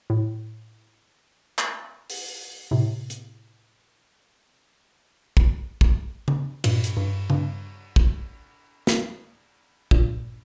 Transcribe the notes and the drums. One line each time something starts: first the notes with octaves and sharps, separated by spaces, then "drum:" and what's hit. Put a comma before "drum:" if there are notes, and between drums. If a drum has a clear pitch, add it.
A2
drum: clap
drum: open hi-hat
A2 C3
drum: hi-hat
drum: kick
drum: kick
drum: tom C#3
G2 A#2, drum: cymbal
drum: hi-hat
G2
G2, drum: tom C#3
drum: kick
drum: snare
G2 A#2, drum: kick